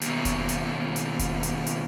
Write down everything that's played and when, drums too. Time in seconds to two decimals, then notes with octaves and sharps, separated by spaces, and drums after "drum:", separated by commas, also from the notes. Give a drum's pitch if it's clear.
0.01 D#2 B2, drum: hi-hat
0.25 drum: kick F1, hi-hat
0.49 drum: hi-hat
0.96 drum: hi-hat
1.19 drum: kick F1, hi-hat
1.43 drum: hi-hat
1.66 drum: hi-hat